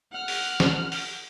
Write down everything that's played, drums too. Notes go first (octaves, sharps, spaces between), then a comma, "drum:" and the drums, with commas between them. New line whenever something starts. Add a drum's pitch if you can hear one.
F#5 F6
drum: open hi-hat
drum: snare
drum: open hi-hat